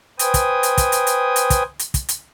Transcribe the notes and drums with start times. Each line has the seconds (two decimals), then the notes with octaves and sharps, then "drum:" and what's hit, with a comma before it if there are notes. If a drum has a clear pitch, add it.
0.19 B4 C5 G5 G#5 D#6, drum: hi-hat
0.34 drum: kick, hi-hat
0.63 drum: hi-hat
0.78 drum: kick, hi-hat
0.92 drum: hi-hat
1.07 drum: hi-hat
1.36 drum: hi-hat
1.50 drum: kick, hi-hat
1.79 drum: hi-hat
1.94 drum: kick, hi-hat
2.09 drum: hi-hat